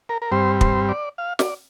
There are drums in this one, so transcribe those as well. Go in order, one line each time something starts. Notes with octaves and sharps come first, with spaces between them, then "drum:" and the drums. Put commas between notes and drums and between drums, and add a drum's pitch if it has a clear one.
A#4
A#4
G2 G3 C4 C5
C5, drum: kick
D5
F5
D5, drum: snare